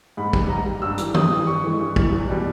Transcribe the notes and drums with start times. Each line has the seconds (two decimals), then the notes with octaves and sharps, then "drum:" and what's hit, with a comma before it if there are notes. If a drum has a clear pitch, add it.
0.17 G#2 B5
0.33 G3, drum: kick
0.49 G#2 A#5
0.65 G3
0.82 G2 E6
0.98 E3 G3, drum: hi-hat
1.15 G2 D#6, drum: tom
1.31 E3 G3
1.47 G2 C#6
1.64 E3 G#3
1.80 G2
1.96 E3 G#3, drum: kick
2.12 E2
2.28 B2 G3